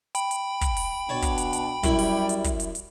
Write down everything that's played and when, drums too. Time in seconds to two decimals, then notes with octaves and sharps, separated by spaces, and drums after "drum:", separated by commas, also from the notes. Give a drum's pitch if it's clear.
0.15 G5 B5, drum: hi-hat
0.31 drum: hi-hat
0.61 drum: kick, hi-hat
0.77 drum: open hi-hat
1.09 B2 D4 C#5 A5
1.22 drum: kick, hi-hat
1.38 drum: hi-hat
1.53 drum: hi-hat
1.83 F#2 G3 E4, drum: kick, hi-hat
1.99 drum: open hi-hat
2.29 drum: hi-hat
2.44 drum: kick, hi-hat
2.60 drum: hi-hat
2.75 drum: hi-hat